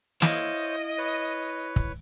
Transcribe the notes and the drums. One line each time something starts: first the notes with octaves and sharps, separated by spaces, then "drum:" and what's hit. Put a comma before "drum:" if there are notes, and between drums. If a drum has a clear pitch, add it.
E4 C5 C#5 D#5 F5, drum: snare
B4 C#5
drum: kick